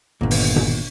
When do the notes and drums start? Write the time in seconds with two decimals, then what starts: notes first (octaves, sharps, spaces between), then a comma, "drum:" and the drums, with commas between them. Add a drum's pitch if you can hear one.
0.21 G1 D#2 A#2
0.31 drum: open hi-hat
0.56 drum: tom B2